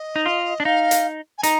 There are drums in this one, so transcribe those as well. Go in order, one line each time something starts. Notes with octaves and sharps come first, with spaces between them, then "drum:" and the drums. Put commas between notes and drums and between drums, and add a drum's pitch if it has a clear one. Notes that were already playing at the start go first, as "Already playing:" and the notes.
Already playing: D#5
D#4
F4
D4
D#4 F5
drum: hi-hat
G#5
D#4 A#5, drum: hi-hat